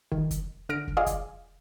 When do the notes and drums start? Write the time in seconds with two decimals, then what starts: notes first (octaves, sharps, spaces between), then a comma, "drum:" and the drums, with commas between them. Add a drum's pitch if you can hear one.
0.12 D#3, drum: kick
0.31 drum: kick, hi-hat
0.69 D3 F6 A#6 D7
0.87 drum: kick
0.97 F4 G#4 D5 D#5 F5
1.06 drum: kick, hi-hat